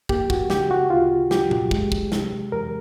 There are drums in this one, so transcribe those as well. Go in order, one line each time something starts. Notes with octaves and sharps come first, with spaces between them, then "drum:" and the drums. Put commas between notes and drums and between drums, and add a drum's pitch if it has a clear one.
A#3 G4, drum: kick
F#4, drum: kick
C#3 G4, drum: snare
F#4
D2 F4
F#3 G4, drum: snare
drum: tom A#2
G#3, drum: kick
drum: kick
C3, drum: snare
E2 A#4